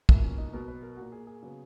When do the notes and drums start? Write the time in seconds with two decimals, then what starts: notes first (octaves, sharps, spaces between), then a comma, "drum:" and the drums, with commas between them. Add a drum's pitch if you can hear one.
0.09 C#2 B2 A#3 E4, drum: kick
0.24 C#4
0.38 D#4
0.53 B2 F#3 B3 A#4
0.68 B4
0.83 A#4
0.97 A#2 A#3 F#4
1.12 G#4
1.27 G#4
1.43 C#3 F#3 B3